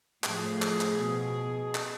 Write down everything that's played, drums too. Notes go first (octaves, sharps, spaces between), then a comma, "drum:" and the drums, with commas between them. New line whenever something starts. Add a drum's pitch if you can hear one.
A2 F3 G#4, drum: clap
drum: clap
drum: clap
B2
drum: clap